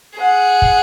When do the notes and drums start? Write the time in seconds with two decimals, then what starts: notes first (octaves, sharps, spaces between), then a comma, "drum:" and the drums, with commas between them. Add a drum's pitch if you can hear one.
0.19 G#4 F#5
0.62 drum: kick